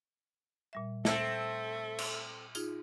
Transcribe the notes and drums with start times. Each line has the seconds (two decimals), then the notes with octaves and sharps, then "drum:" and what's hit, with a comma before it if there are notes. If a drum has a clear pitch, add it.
0.73 A#2 G3 E5
1.05 A3 C4 A4 E5, drum: snare
1.98 drum: cymbal
2.55 D#4 F4 G#4, drum: tambourine